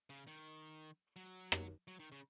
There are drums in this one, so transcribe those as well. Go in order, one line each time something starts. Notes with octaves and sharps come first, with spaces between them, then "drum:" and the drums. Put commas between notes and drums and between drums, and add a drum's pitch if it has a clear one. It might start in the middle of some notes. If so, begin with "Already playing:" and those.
C#3
D#3
F#3
drum: rim click
F#3
D#3
C#3